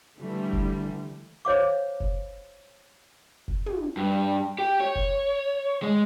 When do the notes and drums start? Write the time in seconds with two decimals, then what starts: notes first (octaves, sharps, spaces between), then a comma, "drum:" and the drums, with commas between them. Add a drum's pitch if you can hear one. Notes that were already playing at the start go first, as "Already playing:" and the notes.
0.18 D3 E3 G3 A3
0.53 drum: kick F1
1.45 C5 C#5 F5 D6
2.00 drum: kick F1
3.48 drum: kick F1
3.66 drum: tom
3.97 G2
4.59 G4
4.80 C#5
4.95 drum: kick F1
5.82 G#3